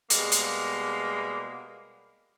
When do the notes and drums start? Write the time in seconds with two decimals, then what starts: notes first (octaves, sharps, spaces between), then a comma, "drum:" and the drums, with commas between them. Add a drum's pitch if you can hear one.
0.10 B2 G3 G#3 A#3, drum: hi-hat
0.32 drum: hi-hat